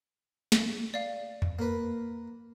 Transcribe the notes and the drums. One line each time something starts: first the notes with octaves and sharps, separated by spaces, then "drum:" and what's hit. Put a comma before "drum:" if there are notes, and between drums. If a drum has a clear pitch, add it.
drum: snare
D5 F5
drum: tom E2
A#3 B4